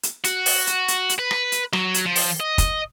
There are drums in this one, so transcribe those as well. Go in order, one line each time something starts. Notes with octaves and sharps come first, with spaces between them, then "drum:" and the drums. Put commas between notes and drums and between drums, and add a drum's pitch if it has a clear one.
drum: hi-hat
F#4, drum: hi-hat
drum: open hi-hat
drum: hi-hat
drum: hi-hat
drum: hi-hat
B4
drum: rim click
drum: hi-hat
F#3, drum: rim click
drum: hi-hat
F3
drum: open hi-hat
D#5
drum: kick, hi-hat